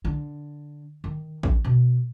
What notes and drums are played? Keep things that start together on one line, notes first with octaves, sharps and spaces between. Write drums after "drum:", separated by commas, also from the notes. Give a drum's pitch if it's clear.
D3
D#3
D#4, drum: kick A1
B2